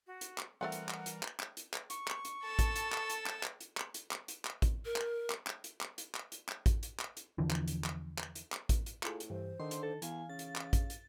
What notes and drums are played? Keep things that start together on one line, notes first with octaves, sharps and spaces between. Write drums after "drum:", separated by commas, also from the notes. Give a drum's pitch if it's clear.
F#4
drum: hi-hat
drum: clap
E3 G3 A3 C4 F4 A#4 F#5
drum: hi-hat
drum: clap
drum: hi-hat
drum: clap
drum: clap
drum: hi-hat
drum: clap
C#6, drum: hi-hat
drum: clap
drum: hi-hat
A4 A5
drum: kick A1, hi-hat
drum: hi-hat
drum: clap
drum: hi-hat
drum: clap
drum: clap
drum: hi-hat
drum: clap
drum: hi-hat
drum: clap
drum: hi-hat
drum: clap
drum: kick A1, hi-hat
A#4
drum: clap
drum: clap
drum: clap
drum: hi-hat
drum: clap
drum: hi-hat
drum: clap
drum: hi-hat
drum: clap
drum: kick A1, hi-hat
drum: hi-hat
drum: clap
drum: hi-hat
E2 D3 E3 F3
drum: clap
drum: hi-hat
drum: clap
drum: clap
drum: hi-hat
drum: clap
drum: kick A1, hi-hat
drum: hi-hat
A2 F4 G#4 A4, drum: clap
drum: hi-hat
G2 E3 C5
D3 D#3 D#4 C6
drum: hi-hat
A4
E2 E3 F5 G#5, drum: hi-hat
C#3 A6
drum: hi-hat
drum: clap
drum: kick A1, hi-hat
drum: hi-hat